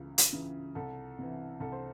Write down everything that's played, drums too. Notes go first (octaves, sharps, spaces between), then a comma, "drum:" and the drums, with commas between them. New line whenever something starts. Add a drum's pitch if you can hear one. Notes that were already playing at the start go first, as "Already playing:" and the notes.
Already playing: C#2 C#3 E3
drum: hi-hat
C#3 E3
C2 A4
C3 E3
C2 A4
C5